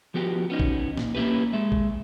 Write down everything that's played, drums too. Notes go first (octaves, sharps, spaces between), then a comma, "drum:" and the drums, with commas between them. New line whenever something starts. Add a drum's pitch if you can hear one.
F3 B3 F#4 G4
B3 C#4 D#4
drum: kick A#1
A#2, drum: snare
A#3 C#4 E4 G4 B4
G#3 E5
drum: kick A#1